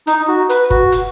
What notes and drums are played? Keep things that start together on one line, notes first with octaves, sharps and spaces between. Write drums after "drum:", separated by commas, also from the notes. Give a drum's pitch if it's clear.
D#4, drum: hi-hat
F#4
B4, drum: hi-hat
F#4, drum: kick F#1
drum: hi-hat